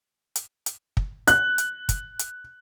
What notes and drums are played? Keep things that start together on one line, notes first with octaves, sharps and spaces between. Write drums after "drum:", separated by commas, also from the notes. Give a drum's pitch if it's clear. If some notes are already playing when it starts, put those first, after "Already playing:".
drum: hi-hat
drum: hi-hat
drum: kick
F#6, drum: hi-hat
drum: hi-hat
drum: kick, hi-hat
drum: hi-hat